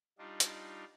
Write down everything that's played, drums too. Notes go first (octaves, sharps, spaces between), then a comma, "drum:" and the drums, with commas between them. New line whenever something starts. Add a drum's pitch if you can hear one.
G3 D4 D#4 F4
drum: hi-hat